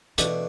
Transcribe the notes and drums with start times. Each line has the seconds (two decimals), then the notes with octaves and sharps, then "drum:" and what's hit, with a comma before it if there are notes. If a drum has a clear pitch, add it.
0.18 B2 E3 A3 D4, drum: hi-hat